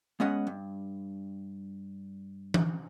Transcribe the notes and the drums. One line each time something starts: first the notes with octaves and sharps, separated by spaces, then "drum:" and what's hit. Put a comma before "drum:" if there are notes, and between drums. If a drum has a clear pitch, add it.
G#3 B3 C#4 D#5 F#5
G2
drum: tom E3